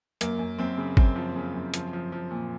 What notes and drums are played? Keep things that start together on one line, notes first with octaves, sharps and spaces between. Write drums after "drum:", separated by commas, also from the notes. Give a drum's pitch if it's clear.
F#2 A#3, drum: hi-hat
F#2
F#2 C4
C#3
F#2 C4, drum: kick G#1
F3
C#3
F#2
F3, drum: hi-hat
F3
F3
A#2